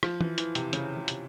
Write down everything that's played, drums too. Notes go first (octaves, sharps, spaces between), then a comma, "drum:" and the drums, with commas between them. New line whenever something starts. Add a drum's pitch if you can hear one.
F3, drum: rim click
E3, drum: tom
E3, drum: hi-hat
C3, drum: hi-hat
C#3, drum: hi-hat
C#3
C3, drum: hi-hat